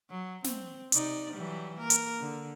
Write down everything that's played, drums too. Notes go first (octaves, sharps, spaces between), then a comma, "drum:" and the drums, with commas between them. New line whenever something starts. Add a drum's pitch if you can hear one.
F#3
C4, drum: snare
C3 D#4 D5, drum: hi-hat
E3 F#3 G3
A#3 A#4
drum: hi-hat
D3